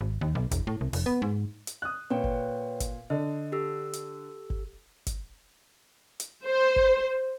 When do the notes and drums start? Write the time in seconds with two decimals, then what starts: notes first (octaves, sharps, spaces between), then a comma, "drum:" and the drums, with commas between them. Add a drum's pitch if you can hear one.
0.01 G#1
0.21 D#2
0.35 B1
0.51 E1, drum: kick G1, hi-hat
0.67 A2
0.81 C2
0.93 F1, drum: open hi-hat
1.06 B3
1.22 G#2
1.67 drum: hi-hat
1.82 D#6 F#6
2.10 A#2 B4 C#5 G5
2.24 drum: kick G1
2.80 drum: kick G1, hi-hat
3.10 D3 D#5
3.52 G4 A4 E6
3.93 drum: hi-hat
4.50 drum: kick G1
5.07 drum: kick G1, hi-hat
6.20 drum: hi-hat
6.46 C5
6.76 drum: kick G1